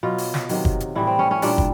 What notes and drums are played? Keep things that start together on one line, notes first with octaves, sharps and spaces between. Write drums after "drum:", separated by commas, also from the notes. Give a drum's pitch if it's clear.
B2 F#3 F4
drum: open hi-hat
drum: snare
C3 D#3 F#3, drum: open hi-hat
drum: kick
drum: hi-hat
A2 E3 G3 E4
C4
C#4
C#4
A#2 G3 D4, drum: open hi-hat
drum: kick